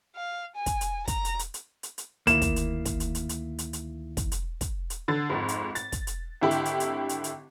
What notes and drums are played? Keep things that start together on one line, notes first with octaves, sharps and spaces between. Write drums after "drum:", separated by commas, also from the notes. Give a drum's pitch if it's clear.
F5
G#5
drum: kick, hi-hat
drum: hi-hat
A#5, drum: kick, hi-hat
drum: hi-hat
drum: hi-hat
drum: hi-hat
drum: hi-hat
drum: hi-hat
D2 D#3 A#3 E4 E7, drum: hi-hat
drum: kick, hi-hat
drum: hi-hat
drum: kick, hi-hat
drum: hi-hat
drum: hi-hat
drum: hi-hat
drum: hi-hat
drum: hi-hat
drum: kick, hi-hat
drum: hi-hat
drum: kick, hi-hat
drum: hi-hat
D3 A6
G#1 F2 G#2
drum: hi-hat
A6, drum: hi-hat
drum: kick, hi-hat
drum: hi-hat
G#1 D3 E4 G4
drum: hi-hat
drum: hi-hat
drum: hi-hat
drum: hi-hat
drum: hi-hat